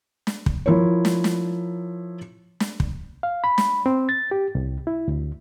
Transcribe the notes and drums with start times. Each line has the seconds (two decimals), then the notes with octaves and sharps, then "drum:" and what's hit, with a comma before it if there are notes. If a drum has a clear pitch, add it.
0.27 drum: snare
0.46 drum: kick
0.66 F3 E4 A#4 C#5
1.05 drum: snare
1.24 drum: snare
2.60 drum: snare
2.80 drum: kick
3.23 F5
3.44 B5
3.58 drum: snare
3.86 C4
4.09 A6
4.31 G4
4.55 C2
4.87 E4
5.08 D2